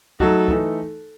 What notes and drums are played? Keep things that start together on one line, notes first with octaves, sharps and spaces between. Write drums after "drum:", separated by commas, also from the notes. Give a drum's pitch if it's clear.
F#3 A3 D#4 F#4 A4, drum: kick
E3 A3 D#4 A4, drum: kick